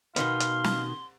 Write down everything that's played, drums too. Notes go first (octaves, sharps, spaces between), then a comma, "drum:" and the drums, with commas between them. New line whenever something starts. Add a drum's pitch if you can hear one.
B2 D#3 B3 F5 C6, drum: hi-hat
drum: hi-hat
drum: snare